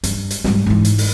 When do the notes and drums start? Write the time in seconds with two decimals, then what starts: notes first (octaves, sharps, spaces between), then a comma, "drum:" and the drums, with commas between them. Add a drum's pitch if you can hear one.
0.03 G2, drum: hi-hat
0.31 drum: hi-hat
0.44 G#2 G3, drum: snare
0.66 G#2 E3
0.85 drum: hi-hat
0.98 drum: open hi-hat